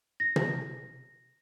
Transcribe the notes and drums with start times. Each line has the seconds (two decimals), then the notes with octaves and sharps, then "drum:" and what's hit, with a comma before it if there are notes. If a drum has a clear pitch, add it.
0.20 A#6
0.36 drum: tom